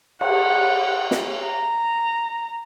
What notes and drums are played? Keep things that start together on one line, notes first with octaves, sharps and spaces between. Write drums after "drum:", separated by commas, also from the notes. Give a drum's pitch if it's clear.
F#5, drum: cymbal
drum: snare
A#5